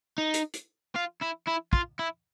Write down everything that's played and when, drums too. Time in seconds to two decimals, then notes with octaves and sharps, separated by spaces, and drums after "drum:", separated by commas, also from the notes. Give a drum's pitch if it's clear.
0.18 D#4
0.34 drum: hi-hat
0.54 drum: hi-hat
0.95 F4
1.21 E4
1.47 E4
1.73 F4, drum: kick
1.99 E4